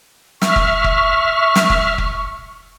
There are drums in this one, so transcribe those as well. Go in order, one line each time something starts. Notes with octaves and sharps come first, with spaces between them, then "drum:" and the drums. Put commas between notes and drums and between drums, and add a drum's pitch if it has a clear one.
E5 C#6 F6, drum: snare
drum: kick F1
drum: kick F1
drum: snare
drum: kick F1
drum: kick F1